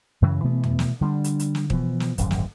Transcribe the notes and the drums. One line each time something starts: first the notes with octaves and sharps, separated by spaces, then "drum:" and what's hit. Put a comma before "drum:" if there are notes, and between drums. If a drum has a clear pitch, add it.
F#2 C#3 E3 F#3
B2 E3 A3 B3
drum: tom E2
drum: snare
D3 G3 B3 D4
drum: hi-hat
drum: hi-hat
drum: snare
B2 E3 F3, drum: kick
drum: snare
D1 G#1 F#2, drum: hi-hat
drum: snare